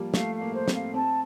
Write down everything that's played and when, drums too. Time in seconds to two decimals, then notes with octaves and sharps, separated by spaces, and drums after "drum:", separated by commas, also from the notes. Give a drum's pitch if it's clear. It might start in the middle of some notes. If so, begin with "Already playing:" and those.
Already playing: F3 G3 A#3
0.14 A3 F5, drum: snare
0.34 F5
0.41 A#3
0.53 C5
0.68 C4, drum: snare
0.74 F5
0.94 C4 A5